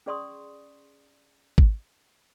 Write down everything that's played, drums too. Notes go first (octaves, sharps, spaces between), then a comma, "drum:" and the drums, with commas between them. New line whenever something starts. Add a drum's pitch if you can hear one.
C#4 G#4 D5 C6 C#6 D#6
drum: kick G#1